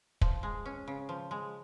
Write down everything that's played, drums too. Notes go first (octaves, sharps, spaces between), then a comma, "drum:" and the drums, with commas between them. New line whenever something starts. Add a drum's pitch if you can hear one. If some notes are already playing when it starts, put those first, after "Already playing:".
F3, drum: kick
G#3
C#4
C#3
F3
G#3